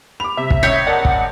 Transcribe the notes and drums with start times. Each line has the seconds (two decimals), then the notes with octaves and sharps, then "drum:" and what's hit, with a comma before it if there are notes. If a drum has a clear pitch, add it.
0.20 B5 D6 F7
0.37 C3 E5
0.50 drum: kick
0.63 C#2 C#5 G6 B6
0.87 A#4 D5 F#5 A5
1.05 drum: kick